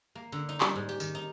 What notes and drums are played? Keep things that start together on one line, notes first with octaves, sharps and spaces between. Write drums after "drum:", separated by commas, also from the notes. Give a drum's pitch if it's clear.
A#3
D3
D#4
G3, drum: clap
G#2
G4
D#3, drum: tambourine
D#4